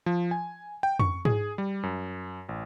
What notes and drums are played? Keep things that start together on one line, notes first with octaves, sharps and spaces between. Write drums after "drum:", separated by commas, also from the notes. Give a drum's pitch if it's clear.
F3
G#5
G5
C#6, drum: tom F2
G#4, drum: tom G#2
G3
F#2
A1